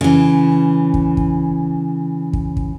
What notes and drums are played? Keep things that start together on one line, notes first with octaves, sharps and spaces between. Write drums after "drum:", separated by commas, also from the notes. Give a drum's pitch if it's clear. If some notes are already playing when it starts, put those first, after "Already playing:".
C#3 E3
drum: kick
drum: kick
drum: kick
drum: kick